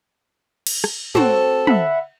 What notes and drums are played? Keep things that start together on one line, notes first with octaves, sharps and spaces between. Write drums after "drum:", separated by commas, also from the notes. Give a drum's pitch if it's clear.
drum: cymbal
drum: rim click
C4 F#4 A4, drum: tom
E5 F#5 B5, drum: tom